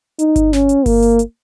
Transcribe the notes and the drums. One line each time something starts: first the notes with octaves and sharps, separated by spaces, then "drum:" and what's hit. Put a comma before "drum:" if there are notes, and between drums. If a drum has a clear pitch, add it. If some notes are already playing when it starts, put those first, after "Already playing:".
D#4, drum: hi-hat
drum: kick G1, hi-hat
C#4, drum: snare
drum: hi-hat
A#3, drum: kick G1, open hi-hat
drum: hi-hat
drum: hi-hat